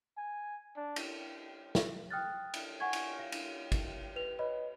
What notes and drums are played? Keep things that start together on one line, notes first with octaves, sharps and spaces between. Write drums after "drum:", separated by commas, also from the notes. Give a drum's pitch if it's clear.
G#5
D4
drum: cymbal
drum: snare
G5 D#6 F6 F#6 A6
drum: cymbal
F#5 G#5 C#6 G#6
drum: cymbal
F5
drum: cymbal
drum: kick, cymbal
B4 F7
B4 C#5 D#5 B5